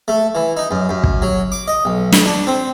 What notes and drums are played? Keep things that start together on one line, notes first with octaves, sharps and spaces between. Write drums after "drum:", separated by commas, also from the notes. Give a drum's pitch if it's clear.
A3
E3
D#4
F#2
F#2
drum: kick
F#3
D6
D#5
B1
drum: snare
D4
C4